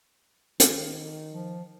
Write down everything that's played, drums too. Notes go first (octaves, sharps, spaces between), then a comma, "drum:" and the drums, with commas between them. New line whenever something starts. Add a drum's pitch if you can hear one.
D#3, drum: hi-hat
F3